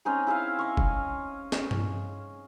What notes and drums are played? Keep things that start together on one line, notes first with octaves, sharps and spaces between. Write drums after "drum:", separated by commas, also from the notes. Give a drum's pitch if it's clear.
C4 C#4 D#4 G#4
E4 G#4 E5 F5
D#5 C#6
drum: kick
drum: snare
drum: tom G2